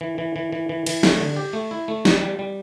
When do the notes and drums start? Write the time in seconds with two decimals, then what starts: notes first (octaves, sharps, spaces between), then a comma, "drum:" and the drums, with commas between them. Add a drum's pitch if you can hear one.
0.01 E3
0.18 E3
0.36 E3
0.52 E3
0.69 E3
0.86 E3, drum: cymbal
1.03 A3, drum: snare
1.20 D3
1.36 G4
1.53 A3
1.71 E4
1.88 A3
2.05 G3, drum: snare
2.22 G3
2.39 G3